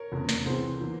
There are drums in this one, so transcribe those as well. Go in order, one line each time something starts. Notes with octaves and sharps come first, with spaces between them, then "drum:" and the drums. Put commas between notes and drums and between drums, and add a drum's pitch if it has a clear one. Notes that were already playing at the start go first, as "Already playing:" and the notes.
Already playing: A#4 C#5
F1 E2 C#3
drum: snare
C2 C3 E3 G#4 C5
E3 A#3